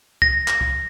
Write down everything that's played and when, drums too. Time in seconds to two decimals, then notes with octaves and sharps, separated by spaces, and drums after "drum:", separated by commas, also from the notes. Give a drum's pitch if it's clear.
0.22 A#6, drum: kick C#2
0.48 drum: clap
0.61 drum: kick C#2